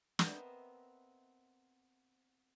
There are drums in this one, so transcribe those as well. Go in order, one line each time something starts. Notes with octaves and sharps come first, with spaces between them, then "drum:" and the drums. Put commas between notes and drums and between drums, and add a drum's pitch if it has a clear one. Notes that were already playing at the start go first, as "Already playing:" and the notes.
B3 C4 A#4 C5 D#5 E5, drum: snare